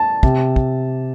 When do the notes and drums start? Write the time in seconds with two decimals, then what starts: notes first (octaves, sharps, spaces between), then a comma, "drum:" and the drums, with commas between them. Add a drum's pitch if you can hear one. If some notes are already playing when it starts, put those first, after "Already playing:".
Already playing: A5
0.23 C3, drum: kick
0.56 drum: kick